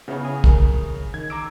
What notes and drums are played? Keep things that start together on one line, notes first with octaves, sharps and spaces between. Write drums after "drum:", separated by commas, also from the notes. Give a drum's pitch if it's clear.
C#3 B3 E4 C#5
G#5 D#6
A#4, drum: kick
D#3 G#6
A#5 D6 E6 D7